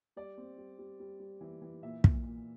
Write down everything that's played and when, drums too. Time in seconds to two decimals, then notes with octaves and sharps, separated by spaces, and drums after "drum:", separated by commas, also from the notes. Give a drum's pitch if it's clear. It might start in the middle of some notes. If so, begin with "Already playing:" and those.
0.16 G3 D5
0.38 C4
0.58 G3
0.79 G3
1.00 G3
1.20 G3
1.41 E3
1.62 E3
1.82 A#2 E5
2.04 A#2, drum: kick
2.24 A#2